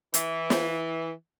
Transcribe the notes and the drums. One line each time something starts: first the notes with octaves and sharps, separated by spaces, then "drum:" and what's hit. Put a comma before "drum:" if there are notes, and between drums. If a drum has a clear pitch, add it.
E3, drum: hi-hat
drum: snare